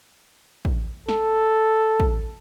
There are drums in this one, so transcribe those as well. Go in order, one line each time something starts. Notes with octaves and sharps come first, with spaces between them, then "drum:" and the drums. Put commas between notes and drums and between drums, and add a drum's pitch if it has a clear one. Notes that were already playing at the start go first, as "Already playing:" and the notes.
drum: kick
A4, drum: snare
drum: kick